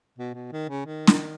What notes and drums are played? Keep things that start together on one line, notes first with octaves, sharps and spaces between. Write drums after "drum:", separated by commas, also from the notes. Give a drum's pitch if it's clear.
B2
B2
D#3
C#3
D#3
drum: snare